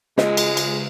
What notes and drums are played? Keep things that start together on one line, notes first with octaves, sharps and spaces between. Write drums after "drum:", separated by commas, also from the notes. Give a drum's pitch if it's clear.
C#2 G#3 F4 G#4 D#5, drum: snare
drum: cymbal
drum: cymbal